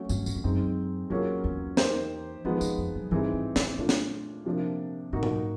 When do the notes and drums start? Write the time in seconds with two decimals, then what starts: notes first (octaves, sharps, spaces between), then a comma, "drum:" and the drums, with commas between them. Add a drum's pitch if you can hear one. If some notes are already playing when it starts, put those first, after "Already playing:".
Already playing: F#3 A3 C#4 F#4
0.09 G2, drum: tambourine
0.26 F#2, drum: tambourine
0.35 F2
0.43 F#2 G#3 C4 D#4
1.10 E2 F#3 A#3 C#4 F4 G#4
1.44 E2
1.77 A#3 D#4 G4 C5, drum: snare
2.44 E2 F3 G#3 B3 D#4
2.61 F2, drum: tambourine
2.78 F2
2.95 F#2
3.11 G2 E3 G3 C4 D#4 G#4
3.33 G#2
3.56 A2, drum: snare
3.78 A#2 A3 D4 F4
3.89 drum: snare
4.45 C3 F3 A#3 D4
5.13 G#2 A#3 D#4 F#4
5.23 drum: tom A#2